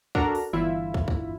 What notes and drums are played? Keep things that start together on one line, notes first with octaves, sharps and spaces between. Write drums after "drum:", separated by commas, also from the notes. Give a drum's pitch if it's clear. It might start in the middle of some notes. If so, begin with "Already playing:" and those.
D4 F#4 A4 A#4 A#5, drum: kick
drum: open hi-hat
G1 D3 E3 E4 F4 E5
drum: kick
drum: kick